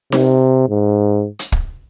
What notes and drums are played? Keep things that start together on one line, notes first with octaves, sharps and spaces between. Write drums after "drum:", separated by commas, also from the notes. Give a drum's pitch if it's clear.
C3, drum: snare D#4
G#2
drum: hi-hat
drum: kick